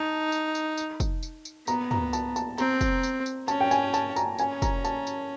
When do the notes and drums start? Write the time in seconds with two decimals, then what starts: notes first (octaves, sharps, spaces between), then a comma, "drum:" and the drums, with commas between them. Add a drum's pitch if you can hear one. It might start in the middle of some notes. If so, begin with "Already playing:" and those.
Already playing: D#4 A5
0.32 drum: tambourine
0.55 drum: tambourine
0.77 drum: tambourine
1.00 drum: kick, tambourine
1.23 drum: tambourine
1.45 drum: tambourine
1.67 B3 A#5, drum: tambourine
1.91 A#5, drum: tom
2.13 A5, drum: tambourine
2.36 A5, drum: tambourine
2.58 C4 A#5, drum: tambourine
2.81 drum: kick, tambourine
3.03 drum: tambourine
3.26 drum: tambourine
3.48 C#4 A5, drum: tambourine
3.61 G5
3.71 G#5, drum: tambourine
3.94 A5, drum: tambourine
4.16 A#5, drum: tambourine
4.38 C#4 G#5, drum: tambourine
4.62 A#5, drum: kick, tambourine
4.84 A5, drum: tambourine
5.07 drum: tambourine